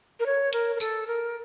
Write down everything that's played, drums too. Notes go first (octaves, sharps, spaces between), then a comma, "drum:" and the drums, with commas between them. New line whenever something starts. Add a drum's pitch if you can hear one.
A#4
C#5
A#4, drum: hi-hat
A#4
A4, drum: tambourine
A#4